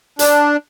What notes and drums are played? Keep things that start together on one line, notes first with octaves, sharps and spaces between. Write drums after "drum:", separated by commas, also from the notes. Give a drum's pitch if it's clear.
D4, drum: hi-hat